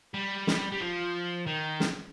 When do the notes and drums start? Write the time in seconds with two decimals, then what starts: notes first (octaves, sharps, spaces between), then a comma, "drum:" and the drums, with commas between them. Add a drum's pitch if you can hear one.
0.14 G3
0.47 drum: snare
0.72 G3
0.81 F3
1.47 D#3
1.80 drum: snare